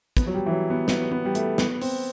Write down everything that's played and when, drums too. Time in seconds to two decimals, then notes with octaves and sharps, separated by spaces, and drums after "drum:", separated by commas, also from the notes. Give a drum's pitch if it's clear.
0.17 B3, drum: kick, hi-hat
0.27 F#3
0.34 G3
0.46 E3
0.51 F#3
0.70 B3
0.88 B3, drum: snare
1.12 B3
1.25 G3
1.35 A3, drum: hi-hat
1.58 B3, drum: snare
1.81 C4, drum: open hi-hat